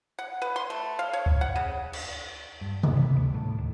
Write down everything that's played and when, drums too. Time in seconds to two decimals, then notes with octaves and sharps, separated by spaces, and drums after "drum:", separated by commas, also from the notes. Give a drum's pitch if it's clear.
0.19 F#5
0.42 B4
0.56 C6
0.70 A3
0.99 F5
1.13 C#5
1.26 drum: kick C#2
1.41 F#5
1.56 C#3
1.93 drum: cymbal
2.61 G2
2.83 D#1, drum: tom C3
2.97 G#1
3.16 D2
3.34 A2
3.59 D#2